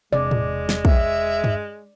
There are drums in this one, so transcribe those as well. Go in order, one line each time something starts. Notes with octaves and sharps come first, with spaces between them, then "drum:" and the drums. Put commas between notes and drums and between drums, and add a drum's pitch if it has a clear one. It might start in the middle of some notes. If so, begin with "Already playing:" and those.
E1 C3 G#3 C4 D5
drum: tom A2
drum: snare
E5, drum: kick
drum: tom G2